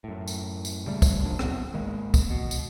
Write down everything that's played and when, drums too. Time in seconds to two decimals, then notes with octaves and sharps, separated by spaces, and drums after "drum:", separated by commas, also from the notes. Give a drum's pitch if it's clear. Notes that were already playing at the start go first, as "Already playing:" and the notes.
0.04 F#2 A2
0.28 drum: tambourine
0.65 drum: tambourine
0.86 D#1 C#3 G3 A3
1.02 drum: kick, tambourine
1.25 F1 F#2 F3 D4
1.39 E2 A2 B3 C4, drum: rim click
1.74 G#1 D#3 G#3 A#3
2.14 drum: kick, tambourine
2.30 B2
2.51 drum: tambourine